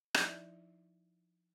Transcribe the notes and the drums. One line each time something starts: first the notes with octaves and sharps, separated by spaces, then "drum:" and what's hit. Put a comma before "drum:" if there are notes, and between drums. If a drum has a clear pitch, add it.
F3 D#4 E4 D5 E5, drum: rim click